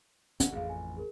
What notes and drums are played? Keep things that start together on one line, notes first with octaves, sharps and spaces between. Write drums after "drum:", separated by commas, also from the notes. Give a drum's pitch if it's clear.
D1 A#1 C#4 F#5, drum: hi-hat
A1 F2 G#4 F5
G#5
G#4 A#4